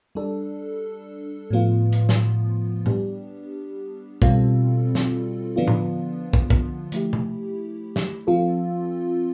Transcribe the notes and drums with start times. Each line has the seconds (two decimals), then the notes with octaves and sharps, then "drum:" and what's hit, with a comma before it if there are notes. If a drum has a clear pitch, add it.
0.15 G3 D4 A4
1.50 A2 F3 B3 F4
1.93 drum: hi-hat
2.09 drum: snare
2.86 G3 B3 D4 G4, drum: tom A2
4.22 B2 G3 C4 F4 A4, drum: kick
4.95 drum: snare
5.56 D3 F3 B3 D4 F4
5.68 drum: tom A2
6.33 drum: kick
6.50 drum: kick
6.92 F3 A3 E4 G4, drum: hi-hat
7.13 drum: tom C3
7.96 drum: snare
8.27 F3 C4 F4 A4